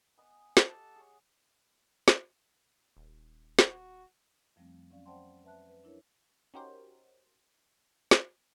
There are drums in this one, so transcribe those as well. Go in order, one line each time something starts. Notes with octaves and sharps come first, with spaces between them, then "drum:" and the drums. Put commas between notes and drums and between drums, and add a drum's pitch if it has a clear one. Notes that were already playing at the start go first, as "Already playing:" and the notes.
B3 D#5 G#5
drum: snare
G4 A4 D#5 F#5 A5
G#4 C#5
drum: snare
D#1
drum: snare
F#4
F2 F3 G3 A3 C4
F#3 C#4 D5 F5
C5 D5 F#5 G5 A5 C6
B4 E5 A5 F#6
B4
D4 E4 A#4 C#5
C#4 D#4 F#4 G4 A#4 C5
drum: snare